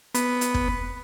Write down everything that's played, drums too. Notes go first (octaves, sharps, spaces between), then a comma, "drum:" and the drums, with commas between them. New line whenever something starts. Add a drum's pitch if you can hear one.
B3, drum: hi-hat
drum: hi-hat
drum: kick